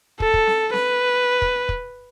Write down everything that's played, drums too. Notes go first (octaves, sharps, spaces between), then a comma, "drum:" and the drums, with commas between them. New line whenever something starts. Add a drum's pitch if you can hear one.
A4, drum: kick
drum: kick
drum: snare C4
B4, drum: snare C4
drum: kick
drum: kick